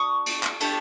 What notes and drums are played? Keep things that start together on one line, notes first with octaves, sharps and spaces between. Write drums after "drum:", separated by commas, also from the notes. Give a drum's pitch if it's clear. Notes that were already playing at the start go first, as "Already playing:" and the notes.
Already playing: D4 F#4 C#6 D#6
drum: cymbal
drum: clap
A3 D4 G4, drum: cymbal